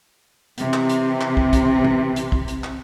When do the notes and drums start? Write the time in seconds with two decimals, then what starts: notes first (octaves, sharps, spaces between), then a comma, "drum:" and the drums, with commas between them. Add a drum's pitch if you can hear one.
0.58 C3 E3, drum: hi-hat
0.74 drum: clap
0.89 drum: hi-hat
1.21 drum: clap
1.37 drum: kick
1.53 drum: kick, hi-hat
1.85 drum: tom B2
2.16 drum: hi-hat
2.32 drum: kick
2.48 drum: hi-hat
2.64 drum: clap